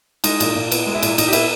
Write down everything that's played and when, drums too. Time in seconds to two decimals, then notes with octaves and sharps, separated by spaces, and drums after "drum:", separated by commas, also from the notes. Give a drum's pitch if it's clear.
0.24 G#3 D#4, drum: cymbal
0.40 A#2, drum: cymbal
0.56 A#2
0.72 B3, drum: cymbal
0.86 G#3
0.95 E4
1.03 A#2, drum: cymbal
1.18 A#2 D#4, drum: cymbal
1.28 G4
1.33 B3 E4, drum: cymbal